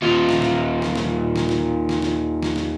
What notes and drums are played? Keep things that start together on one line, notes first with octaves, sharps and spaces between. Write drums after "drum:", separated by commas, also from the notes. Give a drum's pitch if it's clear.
D#2 F4
drum: snare
drum: snare
drum: snare
drum: snare
drum: snare
drum: snare
drum: snare
drum: snare
drum: snare
drum: snare